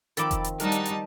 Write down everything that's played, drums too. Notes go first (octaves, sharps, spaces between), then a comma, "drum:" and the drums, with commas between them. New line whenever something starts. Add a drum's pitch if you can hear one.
D#3 F3 C4 A4 B5 D6, drum: hi-hat
drum: kick F1, hi-hat
drum: hi-hat
G3 D4 D#4 F#4 A#4 A5, drum: hi-hat
drum: hi-hat
drum: hi-hat